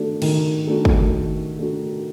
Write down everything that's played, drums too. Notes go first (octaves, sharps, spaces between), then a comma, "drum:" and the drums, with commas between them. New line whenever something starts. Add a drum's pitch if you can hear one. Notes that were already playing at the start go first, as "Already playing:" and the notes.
Already playing: D#3 A3 D4 F#4
D#3, drum: cymbal
A3 D4 F#4
drum: kick
D#3
A3 D4 F#4